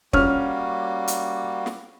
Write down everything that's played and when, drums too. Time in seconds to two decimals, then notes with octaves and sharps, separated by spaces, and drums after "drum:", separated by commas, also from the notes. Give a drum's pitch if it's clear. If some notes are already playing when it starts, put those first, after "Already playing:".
0.13 G3 A#3 C#4 F#4 F6, drum: kick
1.08 drum: hi-hat
1.66 drum: snare